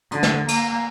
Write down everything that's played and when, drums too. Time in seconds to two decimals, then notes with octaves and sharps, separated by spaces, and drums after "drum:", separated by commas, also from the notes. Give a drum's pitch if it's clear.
0.11 D3, drum: hi-hat
0.23 drum: snare
0.48 A#3, drum: cymbal